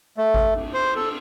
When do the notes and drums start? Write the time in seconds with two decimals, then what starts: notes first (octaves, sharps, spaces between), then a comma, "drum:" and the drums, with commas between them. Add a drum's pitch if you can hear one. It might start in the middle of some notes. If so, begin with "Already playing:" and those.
0.17 A3
0.34 drum: kick G#1
0.55 drum: cymbal
0.73 C5
0.95 A4, drum: cymbal